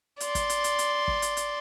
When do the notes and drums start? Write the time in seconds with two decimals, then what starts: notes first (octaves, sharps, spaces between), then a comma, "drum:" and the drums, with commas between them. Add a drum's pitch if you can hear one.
0.20 D5 C6, drum: hi-hat
0.35 drum: kick, hi-hat
0.50 drum: hi-hat
0.64 drum: hi-hat
0.79 drum: hi-hat
1.08 drum: kick
1.22 drum: hi-hat
1.37 drum: hi-hat